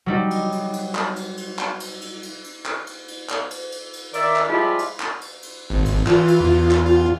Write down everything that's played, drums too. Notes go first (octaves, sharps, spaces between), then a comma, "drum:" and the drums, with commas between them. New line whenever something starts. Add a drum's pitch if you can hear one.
F#3 G3 D#4
drum: cymbal
drum: cymbal
drum: cymbal
drum: clap
drum: cymbal
drum: cymbal
drum: clap
drum: cymbal
drum: cymbal
drum: cymbal
drum: cymbal
drum: clap
drum: cymbal
drum: cymbal
drum: clap
drum: cymbal
drum: cymbal
drum: cymbal
D#3 D5 E5, drum: cymbal
drum: clap
F3 G3 G#3 E4 F4 G4
drum: cymbal
drum: clap
drum: cymbal
drum: cymbal
G#1
drum: cymbal
E3 F4, drum: clap
drum: cymbal
E2
drum: clap
F4